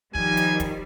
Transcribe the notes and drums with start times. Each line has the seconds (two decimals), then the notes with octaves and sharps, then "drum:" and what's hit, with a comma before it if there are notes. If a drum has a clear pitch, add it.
0.15 D#3 F3 G3 G#5, drum: kick
0.37 drum: hi-hat
0.60 drum: kick, hi-hat